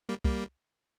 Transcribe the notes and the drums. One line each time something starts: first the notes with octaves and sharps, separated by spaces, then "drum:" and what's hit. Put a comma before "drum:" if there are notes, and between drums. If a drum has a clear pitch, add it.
G3 A#3
G3 A#3, drum: kick